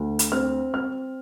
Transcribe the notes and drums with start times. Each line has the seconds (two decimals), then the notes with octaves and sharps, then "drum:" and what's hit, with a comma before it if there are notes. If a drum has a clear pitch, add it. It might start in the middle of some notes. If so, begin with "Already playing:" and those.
Already playing: D2
0.19 drum: hi-hat
0.32 C4 F6
0.74 C4 F6